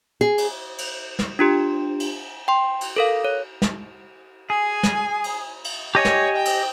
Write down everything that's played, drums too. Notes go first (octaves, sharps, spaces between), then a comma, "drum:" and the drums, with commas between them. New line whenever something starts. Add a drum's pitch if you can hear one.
G#4
drum: cymbal
drum: cymbal
drum: snare
D4 F4 G4
drum: cymbal
G5 C6
drum: cymbal
A4 A#4 F5
C#5
drum: snare
G#4 G#5
drum: snare
drum: cymbal
drum: cymbal
G4 C#5 D#5 G#5
drum: snare
G5
drum: cymbal